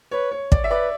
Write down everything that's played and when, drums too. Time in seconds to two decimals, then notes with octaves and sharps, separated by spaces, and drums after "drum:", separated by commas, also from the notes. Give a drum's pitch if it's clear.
0.11 B4 C#5
0.31 C#5
0.52 D5, drum: kick
0.64 E5
0.70 B4 D5